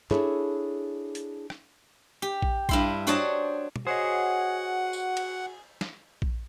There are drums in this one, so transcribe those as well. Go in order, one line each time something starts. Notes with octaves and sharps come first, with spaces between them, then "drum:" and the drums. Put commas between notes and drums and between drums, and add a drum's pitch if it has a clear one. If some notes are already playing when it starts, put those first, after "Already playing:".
D4 E4 G#4 A4 C#5, drum: clap
drum: hi-hat
drum: rim click
G4
drum: kick A#1
G2 E4 C6, drum: kick A#1
D4 F#4 C5 C#5 D#5 A5
drum: tom
F#4 G#4 C5 C#5 D#5 F#5
drum: tambourine
drum: cymbal
drum: snare
drum: kick A#1